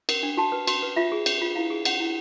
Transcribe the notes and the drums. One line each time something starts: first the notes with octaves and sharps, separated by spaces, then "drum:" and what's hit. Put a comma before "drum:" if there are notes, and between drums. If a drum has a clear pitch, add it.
A#4, drum: cymbal
D4
F#4 A5
B4
F#4, drum: cymbal
B4
F4 E5
G#4
C#5, drum: cymbal
F4
E4 F5
G#4
C#5 F#5, drum: cymbal
E4